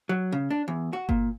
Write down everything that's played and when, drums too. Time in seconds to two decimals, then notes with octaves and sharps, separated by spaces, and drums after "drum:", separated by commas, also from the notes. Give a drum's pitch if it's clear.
0.09 F#3
0.32 C#3
0.50 D4
0.68 E2
0.93 F#4
1.09 A#2, drum: kick G1